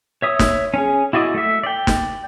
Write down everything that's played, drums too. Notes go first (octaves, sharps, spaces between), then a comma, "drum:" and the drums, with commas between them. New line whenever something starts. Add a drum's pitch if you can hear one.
C#5 E5 D#6
drum: snare
C#4 G#4
E4 F#4 D5 D#5
A3 E5
D5 G5
drum: snare